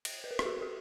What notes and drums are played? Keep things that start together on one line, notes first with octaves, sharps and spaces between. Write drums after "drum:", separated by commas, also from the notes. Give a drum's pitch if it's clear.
drum: cymbal
B4
A#4
A4, drum: rim click
F#4 G#4
G4 A4